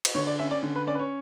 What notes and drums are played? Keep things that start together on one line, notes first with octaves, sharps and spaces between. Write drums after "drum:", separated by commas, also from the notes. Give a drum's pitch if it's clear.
drum: cymbal
D3 C#5
D5
C#4 E5
D5
D3
B4
C#4 D5
B4
C#5